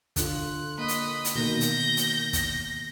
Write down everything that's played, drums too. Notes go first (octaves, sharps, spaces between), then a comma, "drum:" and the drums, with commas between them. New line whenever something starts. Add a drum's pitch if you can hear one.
D3 F4 F#6, drum: kick, hi-hat
A#3 D#5 B5
drum: hi-hat
drum: hi-hat
B2 D#3 A#3 G6 A#6
drum: hi-hat
drum: hi-hat
drum: kick, hi-hat